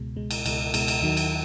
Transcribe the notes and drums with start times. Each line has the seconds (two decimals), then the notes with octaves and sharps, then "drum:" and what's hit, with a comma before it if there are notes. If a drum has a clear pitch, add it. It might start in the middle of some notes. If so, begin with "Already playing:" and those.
Already playing: C#2 B2 G#3
0.16 C#2 B2 G#3
0.31 drum: cymbal
0.46 C#2 B2 G#3, drum: cymbal
0.74 C#2 B2 G#3, drum: cymbal
0.88 drum: cymbal
1.02 D#2 D#3 F#3
1.17 drum: cymbal